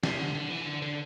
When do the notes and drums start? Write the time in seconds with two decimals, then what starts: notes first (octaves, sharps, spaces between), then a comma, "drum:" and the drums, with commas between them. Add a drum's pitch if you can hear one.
0.03 C3, drum: snare
0.19 D3
0.35 D3
0.50 E3
0.66 D3
0.82 D3